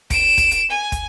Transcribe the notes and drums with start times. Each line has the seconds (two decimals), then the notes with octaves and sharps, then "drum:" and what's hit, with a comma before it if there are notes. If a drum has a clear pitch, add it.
0.10 D7 E7, drum: kick, hi-hat
0.38 drum: kick, hi-hat
0.51 drum: hi-hat
0.70 G#5
0.92 drum: kick, hi-hat